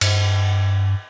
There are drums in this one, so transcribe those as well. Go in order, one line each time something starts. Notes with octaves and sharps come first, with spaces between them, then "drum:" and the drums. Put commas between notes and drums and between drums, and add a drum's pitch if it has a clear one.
G2, drum: cymbal